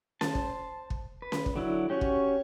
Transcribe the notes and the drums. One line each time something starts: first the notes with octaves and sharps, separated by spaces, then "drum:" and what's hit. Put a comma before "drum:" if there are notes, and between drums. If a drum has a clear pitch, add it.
C5 A5, drum: snare C#4
drum: kick
drum: kick
B4
drum: snare C#4
drum: kick
D3 F#3 E4
C#4 F#4 G4 C#5
drum: kick